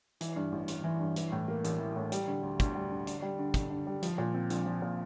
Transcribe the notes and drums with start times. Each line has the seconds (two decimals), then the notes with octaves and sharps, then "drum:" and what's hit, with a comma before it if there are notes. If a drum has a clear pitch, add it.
0.21 E3, drum: hi-hat
0.36 G2
0.52 A1
0.68 A1, drum: hi-hat
0.84 E3
1.00 G2
1.16 E3, drum: hi-hat
1.32 A2
1.48 A#3
1.64 A1, drum: hi-hat
1.79 E3
1.96 A2
2.12 G3, drum: hi-hat
2.28 D3
2.43 D2
2.60 D2, drum: kick, hi-hat
2.75 G3
2.91 D3
3.07 D4, drum: hi-hat
3.22 G3
3.39 D3
3.54 D3, drum: kick, hi-hat
3.70 D4
3.87 G3
4.02 F3, drum: hi-hat
4.18 A#2
4.34 C4
4.50 A#1, drum: hi-hat
4.66 F3
4.82 A#2